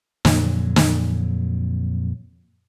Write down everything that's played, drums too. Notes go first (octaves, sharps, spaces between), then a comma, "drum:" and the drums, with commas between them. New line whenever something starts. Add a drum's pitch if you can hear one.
F2 A#2 D3 F#3, drum: snare
drum: snare